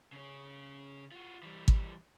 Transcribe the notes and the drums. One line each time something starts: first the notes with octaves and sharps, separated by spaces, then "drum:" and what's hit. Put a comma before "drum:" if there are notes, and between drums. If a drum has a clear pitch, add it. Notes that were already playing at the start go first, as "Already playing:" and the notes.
C#3 C#4
F4 F#4
E3 G3
drum: kick